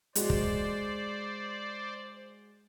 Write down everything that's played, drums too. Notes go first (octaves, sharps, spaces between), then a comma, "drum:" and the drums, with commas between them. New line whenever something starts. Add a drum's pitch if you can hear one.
G#3 F#4 C5 D5, drum: hi-hat
drum: kick